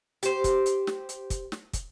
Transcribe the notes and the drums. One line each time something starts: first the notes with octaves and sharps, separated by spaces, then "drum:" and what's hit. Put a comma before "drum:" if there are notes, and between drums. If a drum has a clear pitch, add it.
G4 C5, drum: hi-hat
drum: kick, hi-hat
drum: hi-hat
drum: snare
drum: hi-hat
drum: kick, hi-hat
drum: snare
drum: kick, hi-hat